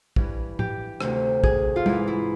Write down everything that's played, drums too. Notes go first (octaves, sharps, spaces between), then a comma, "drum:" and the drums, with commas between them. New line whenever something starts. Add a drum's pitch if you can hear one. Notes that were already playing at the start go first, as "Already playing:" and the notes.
G2 E3, drum: kick
G4, drum: tom A2
D2 C3 D#3, drum: rim click
G#4, drum: kick
F4
G#2 E3 E4, drum: tom
E4